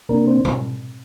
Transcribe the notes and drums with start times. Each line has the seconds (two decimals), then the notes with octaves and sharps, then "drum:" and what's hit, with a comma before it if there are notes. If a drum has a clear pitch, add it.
0.09 C3 A#3 D4 A#4
0.27 C4 C5
0.45 C4 C5, drum: tom